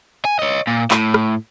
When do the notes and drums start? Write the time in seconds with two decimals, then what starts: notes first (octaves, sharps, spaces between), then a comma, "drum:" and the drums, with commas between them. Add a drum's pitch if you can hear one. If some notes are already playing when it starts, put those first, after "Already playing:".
0.25 G#5
0.39 C#5 D#5
0.67 A#2
0.91 A2, drum: clap
1.14 drum: rim click